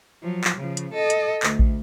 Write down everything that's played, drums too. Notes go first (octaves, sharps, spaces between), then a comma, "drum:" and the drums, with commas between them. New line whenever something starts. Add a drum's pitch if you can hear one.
F3 F#3
drum: clap
C#3 F3
drum: hi-hat
A4 D#5
drum: hi-hat
D2, drum: clap
drum: kick A1